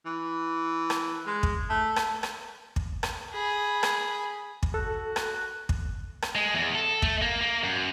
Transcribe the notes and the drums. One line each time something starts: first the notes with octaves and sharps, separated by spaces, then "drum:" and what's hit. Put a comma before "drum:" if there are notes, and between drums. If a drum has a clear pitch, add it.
E3
drum: rim click
G#3
drum: kick
A3
drum: rim click
drum: rim click
drum: kick
drum: rim click
G#4 B5
drum: rim click
drum: kick
F#4 A4
drum: rim click
drum: kick
drum: rim click
G#3
E2
A4
A3, drum: kick
A#3
A#3
F#2